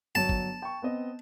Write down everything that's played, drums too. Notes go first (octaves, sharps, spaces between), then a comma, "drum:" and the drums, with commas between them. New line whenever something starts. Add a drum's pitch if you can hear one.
G1 F#3 C#5 A5
drum: kick G#1
G5 C#6
B3 C4 D#5